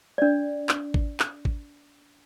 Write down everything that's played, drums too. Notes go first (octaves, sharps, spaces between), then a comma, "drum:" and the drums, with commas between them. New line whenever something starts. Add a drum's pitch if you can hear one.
D4 D5
drum: clap
drum: kick G#1
drum: clap
drum: kick G#1